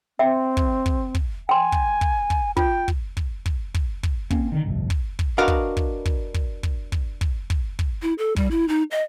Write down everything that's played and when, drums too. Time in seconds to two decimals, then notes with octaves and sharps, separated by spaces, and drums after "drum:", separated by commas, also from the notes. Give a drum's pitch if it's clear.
0.19 C4 E5 G5
0.57 drum: kick
0.86 drum: kick
1.15 drum: kick
1.49 G5 G#5 C6
1.72 drum: kick
2.01 drum: kick
2.30 drum: kick
2.57 F4 G5, drum: kick
2.88 drum: kick
3.17 drum: kick
3.46 drum: kick
3.74 drum: kick
4.03 drum: kick
4.30 A#3 C4 C#4, drum: kick
4.52 D3 D#3
4.64 G1 C2 F2 A2
4.90 drum: kick
5.19 drum: kick
5.38 D4 F#4 A#4 B4 D#5 F5
5.48 drum: kick
5.77 drum: kick
6.05 drum: kick
6.34 drum: kick
6.63 drum: kick
6.92 drum: kick
7.21 drum: kick
7.50 drum: kick
7.79 drum: kick
8.02 E4
8.18 A4
8.36 G3, drum: kick
8.51 E4
8.69 D#4
8.91 D#5